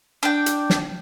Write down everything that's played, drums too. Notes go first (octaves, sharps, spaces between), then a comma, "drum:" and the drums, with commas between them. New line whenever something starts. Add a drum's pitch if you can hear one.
D4 G5
drum: hi-hat
drum: snare